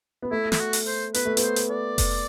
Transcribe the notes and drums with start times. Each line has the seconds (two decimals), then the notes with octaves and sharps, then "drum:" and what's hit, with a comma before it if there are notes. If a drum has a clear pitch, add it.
0.22 B3
0.31 A3 E4
0.52 E4, drum: snare
0.59 F#4
0.73 drum: open hi-hat
0.87 C5
1.14 B3 B4, drum: hi-hat
1.25 A3
1.37 B3, drum: hi-hat
1.42 C5
1.56 drum: hi-hat
1.70 D5
1.98 drum: kick F1, open hi-hat